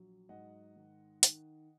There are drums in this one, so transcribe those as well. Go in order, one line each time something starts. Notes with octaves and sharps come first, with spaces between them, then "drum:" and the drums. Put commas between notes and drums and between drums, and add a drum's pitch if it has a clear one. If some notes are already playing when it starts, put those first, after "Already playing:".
Already playing: A#1 F#3
G#2 D#5 F#5
D#3
D#3, drum: hi-hat